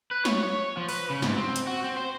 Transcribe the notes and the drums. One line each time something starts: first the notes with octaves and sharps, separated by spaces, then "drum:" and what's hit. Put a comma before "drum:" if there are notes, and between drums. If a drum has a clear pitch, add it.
B4
C#5, drum: snare
C#5
F3
B4, drum: open hi-hat
C#3
G#2, drum: snare
C4
drum: hi-hat
F#4
C4
C5